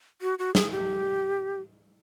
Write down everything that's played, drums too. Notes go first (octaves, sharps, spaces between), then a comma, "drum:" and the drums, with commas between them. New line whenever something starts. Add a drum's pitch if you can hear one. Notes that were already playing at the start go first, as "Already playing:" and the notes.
F#4
F#4
G#4, drum: snare
G4